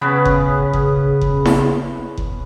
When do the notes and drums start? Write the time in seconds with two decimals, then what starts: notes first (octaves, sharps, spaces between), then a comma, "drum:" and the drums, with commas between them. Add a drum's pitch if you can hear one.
0.01 C#3 B3 C#4 B4
0.25 drum: kick F#1
0.73 drum: kick F#1
1.21 drum: kick F#1
1.45 drum: snare E4
2.17 drum: kick F#1